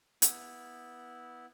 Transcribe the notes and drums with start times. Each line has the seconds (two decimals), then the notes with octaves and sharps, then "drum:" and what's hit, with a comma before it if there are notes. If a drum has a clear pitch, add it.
0.22 B3 E4, drum: hi-hat